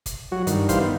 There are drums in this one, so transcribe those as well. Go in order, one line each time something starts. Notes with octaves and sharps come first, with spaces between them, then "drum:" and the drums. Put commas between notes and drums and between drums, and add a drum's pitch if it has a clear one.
drum: kick, hi-hat
F#3 F#4
G2 D#3, drum: hi-hat
D#3 E3 G3 C5 F5, drum: kick, hi-hat
D#3 B3